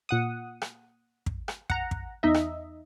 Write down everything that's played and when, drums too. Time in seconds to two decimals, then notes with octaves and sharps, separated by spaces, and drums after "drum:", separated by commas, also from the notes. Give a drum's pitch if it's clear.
0.09 A#2 F#5 D#6
0.62 drum: rim click
1.26 drum: kick
1.48 drum: rim click
1.70 F#5 A#5, drum: kick
1.91 drum: kick
2.23 E2 D#4 D#5 E5
2.34 drum: rim click